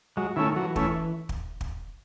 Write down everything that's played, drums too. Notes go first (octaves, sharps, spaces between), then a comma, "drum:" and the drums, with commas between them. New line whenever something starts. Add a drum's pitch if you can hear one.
F#3 G#3
D#3 A3 C#4 E4
D#3
E3 F#3
A3 C#4 E4, drum: kick
drum: kick
drum: kick